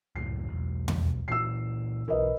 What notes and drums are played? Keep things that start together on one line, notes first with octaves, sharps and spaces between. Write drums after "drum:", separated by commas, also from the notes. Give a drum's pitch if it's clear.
C#2 F#2 A2 C7
E1 B1
drum: tom E2
A#2 E3 E6 C7
B1 E3 A#4 B4 D#5